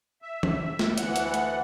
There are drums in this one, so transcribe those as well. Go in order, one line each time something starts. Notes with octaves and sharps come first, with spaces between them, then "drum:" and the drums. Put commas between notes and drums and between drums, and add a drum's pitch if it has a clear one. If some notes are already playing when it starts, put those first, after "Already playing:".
E5
drum: tom E3
drum: snare
D2 E3 F#5, drum: hi-hat
drum: hi-hat
drum: hi-hat